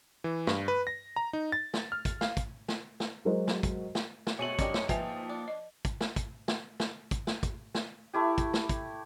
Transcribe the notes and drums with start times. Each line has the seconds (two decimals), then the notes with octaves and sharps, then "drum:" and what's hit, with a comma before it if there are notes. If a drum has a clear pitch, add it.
0.24 E3
0.47 G2, drum: snare
0.68 B4
0.87 A#6
1.16 A#5
1.33 D#4
1.52 A6
1.74 drum: snare
1.92 F6
2.05 drum: kick, hi-hat
2.21 F5, drum: snare
2.37 drum: kick, hi-hat
2.68 drum: snare
3.00 drum: snare
3.25 F#3 G#3 F#4 A#4 C5 D#5
3.48 drum: snare
3.63 drum: kick, hi-hat
3.95 drum: snare
4.27 drum: snare
4.39 B2 A3 C4 G#4 C#5 D#7 F#7
4.59 F#2 G#3 D4 D#4 G4, drum: kick, hi-hat
4.74 drum: snare
4.89 F3 A#3 B4 E5 G5 G#5, drum: kick, hi-hat
5.29 D4
5.48 D#5
5.85 drum: kick, hi-hat
6.01 drum: snare
6.16 drum: kick, hi-hat
6.48 drum: snare
6.80 drum: snare
7.11 drum: kick, hi-hat
7.27 drum: snare
7.43 drum: kick, hi-hat
7.75 drum: snare
8.14 A3 E4 G4
8.38 drum: kick, hi-hat
8.54 drum: snare
8.69 drum: kick, hi-hat